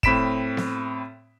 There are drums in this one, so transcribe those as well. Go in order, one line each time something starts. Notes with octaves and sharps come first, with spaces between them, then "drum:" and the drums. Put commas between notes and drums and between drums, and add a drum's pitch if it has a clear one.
A2 C4 B5 B6 D7 E7, drum: kick
drum: snare B3